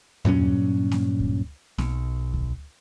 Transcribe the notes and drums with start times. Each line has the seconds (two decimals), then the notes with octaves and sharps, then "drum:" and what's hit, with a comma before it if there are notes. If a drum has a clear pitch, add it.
0.25 G2 A#2 F#3 C#4, drum: tom E2
0.91 drum: snare A#3
1.20 drum: kick D2
1.78 B1, drum: snare A#3
2.34 drum: kick D2